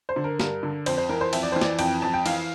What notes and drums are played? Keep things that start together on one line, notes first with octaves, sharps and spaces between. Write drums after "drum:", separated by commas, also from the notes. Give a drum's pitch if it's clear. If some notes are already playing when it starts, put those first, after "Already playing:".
C5
D3
A#4
G2 A#4, drum: snare
D3
F2 C5, drum: cymbal
C5
E3 A#4
C5
F2 E5, drum: cymbal
D5
E3 C5
D5, drum: snare
F2 G5, drum: cymbal
F2 A5
G5
E3 F5, drum: cymbal